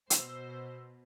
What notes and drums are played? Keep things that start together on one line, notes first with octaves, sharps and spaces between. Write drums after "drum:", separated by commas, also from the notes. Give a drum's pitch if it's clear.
B2 C5 E6, drum: hi-hat